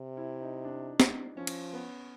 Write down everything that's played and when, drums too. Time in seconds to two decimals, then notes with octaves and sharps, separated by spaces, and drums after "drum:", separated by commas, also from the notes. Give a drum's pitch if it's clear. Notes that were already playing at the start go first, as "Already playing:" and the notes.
Already playing: C3
0.17 E4
0.40 D#4
0.65 D4
1.00 drum: snare
1.37 F3 C#4
1.47 drum: cymbal
1.73 B3